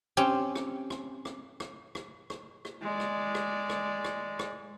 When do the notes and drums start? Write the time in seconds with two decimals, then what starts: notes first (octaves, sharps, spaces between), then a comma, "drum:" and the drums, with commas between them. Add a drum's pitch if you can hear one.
0.17 C4 C#4 G4
0.55 drum: rim click
0.90 drum: rim click
1.25 drum: rim click
1.60 drum: rim click
1.95 drum: rim click
2.30 drum: rim click
2.65 drum: rim click
2.82 G#3 D5
3.00 drum: rim click
3.35 drum: rim click
3.70 drum: rim click
4.04 drum: rim click
4.39 drum: rim click